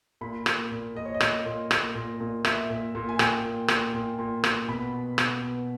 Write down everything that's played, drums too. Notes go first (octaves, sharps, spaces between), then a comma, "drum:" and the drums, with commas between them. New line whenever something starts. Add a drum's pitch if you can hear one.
A#2 B5
A#2, drum: rim click
A#2
A#2 D#5
C#5
D#5
A#2, drum: rim click
A#2
A#2, drum: rim click
A#2
A#2
A#2 E5, drum: rim click
A#2
A#2
G#5
A#2 G5, drum: rim click
A#2
A#2, drum: rim click
A#2
A#2
A#2, drum: rim click
B2 B5
B2
B2, drum: rim click
B2